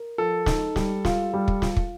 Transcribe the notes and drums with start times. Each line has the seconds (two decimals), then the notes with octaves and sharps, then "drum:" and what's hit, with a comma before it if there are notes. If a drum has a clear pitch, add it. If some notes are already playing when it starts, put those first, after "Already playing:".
Already playing: A#4
0.18 F3 A4
0.46 D#4, drum: snare
0.76 G3, drum: snare
1.05 F4, drum: snare
1.33 G3
1.48 drum: kick
1.62 F4, drum: snare
1.77 drum: kick